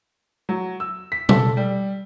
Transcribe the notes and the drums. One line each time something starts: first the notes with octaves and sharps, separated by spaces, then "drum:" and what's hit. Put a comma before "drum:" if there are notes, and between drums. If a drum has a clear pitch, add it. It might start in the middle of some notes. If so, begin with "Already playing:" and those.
F#3
E6
B6
A4, drum: tom
G3